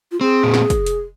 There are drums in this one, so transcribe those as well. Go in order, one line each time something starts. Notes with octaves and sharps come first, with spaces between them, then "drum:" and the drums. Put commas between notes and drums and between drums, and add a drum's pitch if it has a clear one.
F4
C4 G#4
A#2
drum: snare
drum: kick, hi-hat
drum: hi-hat